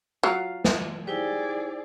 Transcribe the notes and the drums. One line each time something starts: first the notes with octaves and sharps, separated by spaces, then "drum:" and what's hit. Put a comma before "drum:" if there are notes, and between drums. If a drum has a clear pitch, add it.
F#3 F4 F5 A#5
drum: snare
D#4 E4 G4 G#4 C5 D5